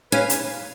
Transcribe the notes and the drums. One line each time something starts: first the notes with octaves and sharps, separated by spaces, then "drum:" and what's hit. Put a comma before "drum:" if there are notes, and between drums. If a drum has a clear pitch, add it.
C#4 B4 F5 G#5
drum: hi-hat